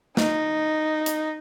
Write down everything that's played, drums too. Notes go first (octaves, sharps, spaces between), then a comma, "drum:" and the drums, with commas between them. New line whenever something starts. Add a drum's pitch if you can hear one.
D#4, drum: snare
drum: hi-hat